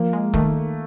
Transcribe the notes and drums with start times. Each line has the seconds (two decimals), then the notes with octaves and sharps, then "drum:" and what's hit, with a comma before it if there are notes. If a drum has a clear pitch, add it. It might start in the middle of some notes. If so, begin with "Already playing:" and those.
Already playing: F3 A#3
0.13 G#3
0.34 D#3 A3, drum: kick